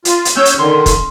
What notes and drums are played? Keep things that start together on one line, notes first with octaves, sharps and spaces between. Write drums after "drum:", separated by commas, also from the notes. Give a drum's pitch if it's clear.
F4, drum: hi-hat
drum: hi-hat
C#4 C#5 E6 G6
drum: hi-hat
D3 D#3 C6
drum: kick, hi-hat